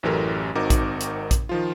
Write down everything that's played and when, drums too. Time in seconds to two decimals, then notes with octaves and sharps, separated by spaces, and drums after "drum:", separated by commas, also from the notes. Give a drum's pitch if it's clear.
0.03 A1 F#2 E3 G4 A4 A#4
0.55 G#1 C4 D#4 F#4 A#4 D6
0.70 drum: kick A#1, hi-hat
1.01 drum: hi-hat
1.31 drum: kick A#1, hi-hat
1.49 D#3 F3 F4